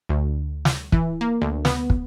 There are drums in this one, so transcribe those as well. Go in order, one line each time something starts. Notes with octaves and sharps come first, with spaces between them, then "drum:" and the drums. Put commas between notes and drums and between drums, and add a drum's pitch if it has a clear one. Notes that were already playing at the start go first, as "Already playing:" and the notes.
D2
drum: snare
E3, drum: kick
A#3
D2
B3, drum: snare
drum: kick